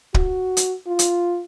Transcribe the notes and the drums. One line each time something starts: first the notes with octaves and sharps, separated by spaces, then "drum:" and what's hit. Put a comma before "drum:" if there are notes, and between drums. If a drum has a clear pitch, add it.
F#4, drum: kick
drum: hi-hat
F4
drum: hi-hat